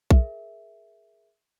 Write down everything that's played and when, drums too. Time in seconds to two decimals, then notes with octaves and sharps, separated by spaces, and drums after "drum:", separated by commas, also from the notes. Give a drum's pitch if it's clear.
0.11 G#4 A#4 E5, drum: kick A#1